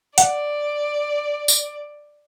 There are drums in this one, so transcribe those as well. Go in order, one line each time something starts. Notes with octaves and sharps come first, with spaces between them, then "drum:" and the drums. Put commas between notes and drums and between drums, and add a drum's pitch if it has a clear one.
D5 F#5, drum: hi-hat
drum: tambourine